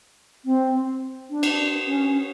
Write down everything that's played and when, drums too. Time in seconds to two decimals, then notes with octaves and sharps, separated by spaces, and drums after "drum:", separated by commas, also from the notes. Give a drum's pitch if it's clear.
0.45 C4
1.30 D4
1.43 drum: cymbal
1.87 C#4